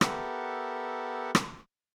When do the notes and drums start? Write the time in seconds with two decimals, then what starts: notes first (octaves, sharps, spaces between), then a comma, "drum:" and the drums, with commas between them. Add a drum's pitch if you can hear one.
0.01 B3 G4 A4 A#4 E5 F#5, drum: rim click
1.35 drum: rim click